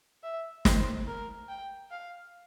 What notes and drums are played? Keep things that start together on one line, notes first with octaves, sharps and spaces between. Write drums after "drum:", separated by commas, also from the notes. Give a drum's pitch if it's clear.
E5
C5, drum: snare
A#4
G5
F5